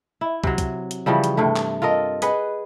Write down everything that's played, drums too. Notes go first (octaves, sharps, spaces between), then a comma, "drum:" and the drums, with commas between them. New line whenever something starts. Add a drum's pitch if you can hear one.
E4
C3 F#3, drum: kick
drum: kick, hi-hat
drum: hi-hat
C#3 E3 F3 G3
drum: hi-hat
G2 C3 A3
drum: clap
F4 A4 A#4 D#5
G#4 B4 D#5 F#5, drum: hi-hat